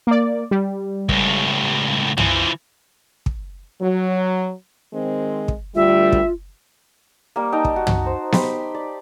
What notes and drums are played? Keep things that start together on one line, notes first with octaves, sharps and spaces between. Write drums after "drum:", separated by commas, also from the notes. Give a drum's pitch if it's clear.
A#3 D5
G3
C#2 A2, drum: kick
E3 F3, drum: tom
drum: kick
F#3
D#3 G#3 C4
drum: kick
D2 G3 F4 E5
drum: kick
G3 A#3
D#4 G5 A5 A#5
drum: kick
F#4
drum: tom
C5
G4 B5 C6, drum: snare B3
D5